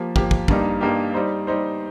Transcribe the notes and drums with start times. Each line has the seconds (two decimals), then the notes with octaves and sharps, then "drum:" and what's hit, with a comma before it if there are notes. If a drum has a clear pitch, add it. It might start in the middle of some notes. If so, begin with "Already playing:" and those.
Already playing: F3 A#3 G4
0.16 F3 A#3 G4, drum: kick
0.31 drum: kick
0.48 G2 G3 A#3 D#4 G4, drum: kick
0.81 G2 G3 A#3 D#4 G4
1.14 G3 D#4 C5
1.47 G3 D#4 C5